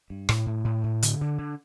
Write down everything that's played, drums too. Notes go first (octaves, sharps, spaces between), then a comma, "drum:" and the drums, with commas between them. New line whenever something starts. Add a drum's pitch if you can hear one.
G2
A2, drum: rim click
A2
A2
A2
D3, drum: hi-hat
D3
D3